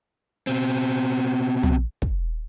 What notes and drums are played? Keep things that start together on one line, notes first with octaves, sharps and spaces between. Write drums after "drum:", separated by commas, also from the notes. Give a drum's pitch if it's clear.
B2 C4
drum: tom
drum: kick